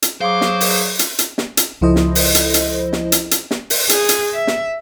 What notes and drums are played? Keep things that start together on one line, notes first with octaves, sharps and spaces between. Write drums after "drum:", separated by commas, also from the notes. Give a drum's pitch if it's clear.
drum: hi-hat
F#3 G#4 C5 F5 D6
drum: snare
drum: open hi-hat
drum: hi-hat
drum: hi-hat
drum: snare
drum: hi-hat
C#2 F3 E4 A4 C5 D#5
drum: snare
drum: open hi-hat
drum: hi-hat
drum: hi-hat
drum: snare
drum: hi-hat
drum: hi-hat
drum: snare
drum: open hi-hat
G#4, drum: hi-hat
drum: hi-hat
E5
drum: snare